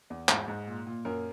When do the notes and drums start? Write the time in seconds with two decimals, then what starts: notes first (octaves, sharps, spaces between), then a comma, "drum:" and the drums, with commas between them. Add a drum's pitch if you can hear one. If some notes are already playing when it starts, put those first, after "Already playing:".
0.10 E2
0.29 G#2, drum: clap
0.48 G#2
0.67 A#2
0.87 A#2
1.05 F#2 A#4